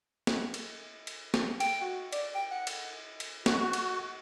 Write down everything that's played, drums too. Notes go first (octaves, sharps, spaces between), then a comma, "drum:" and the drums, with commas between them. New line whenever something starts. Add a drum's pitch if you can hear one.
drum: snare
drum: cymbal
drum: cymbal
drum: snare
G5, drum: cymbal
F#4
D5, drum: cymbal
G5
F#5
drum: cymbal
drum: cymbal
F#4, drum: snare
drum: cymbal